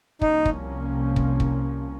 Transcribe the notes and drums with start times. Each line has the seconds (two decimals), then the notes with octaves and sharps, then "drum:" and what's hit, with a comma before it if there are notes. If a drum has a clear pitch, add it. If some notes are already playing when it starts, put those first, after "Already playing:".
0.21 C2 C3 F3 A#3 C#4 D#4, drum: kick
0.45 drum: kick
1.16 drum: kick
1.40 drum: kick